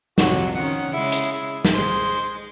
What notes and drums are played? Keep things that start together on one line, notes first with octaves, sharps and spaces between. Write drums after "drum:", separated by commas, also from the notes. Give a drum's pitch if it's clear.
F2 C3 F#3 F#4, drum: snare
D#3 F3 C#4 F#5
C#3 G#3 E4
drum: hi-hat
E4
drum: snare
G#3 C5